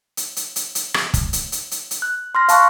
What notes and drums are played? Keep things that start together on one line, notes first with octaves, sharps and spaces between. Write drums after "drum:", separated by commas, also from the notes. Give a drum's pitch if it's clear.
drum: hi-hat
drum: hi-hat
drum: hi-hat
drum: hi-hat
drum: rim click
drum: kick, hi-hat
drum: hi-hat
drum: hi-hat
drum: hi-hat
drum: hi-hat
F#6
C6 F6 A#6
F5 A5 C#6 F#6, drum: hi-hat